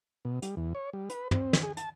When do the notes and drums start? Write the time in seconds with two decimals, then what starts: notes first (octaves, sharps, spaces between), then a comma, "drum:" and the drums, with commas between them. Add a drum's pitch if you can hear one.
0.25 B2
0.42 G3, drum: hi-hat
0.57 E2
0.75 C#5
0.93 G3
1.10 B4, drum: hi-hat
1.31 C4, drum: tom
1.53 drum: snare
1.63 G#4
1.77 A5, drum: hi-hat